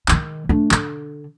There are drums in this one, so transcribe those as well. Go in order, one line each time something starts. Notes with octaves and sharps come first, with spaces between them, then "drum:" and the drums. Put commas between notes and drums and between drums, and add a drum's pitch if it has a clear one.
D#3 G#3, drum: clap
A3 D4
D3, drum: clap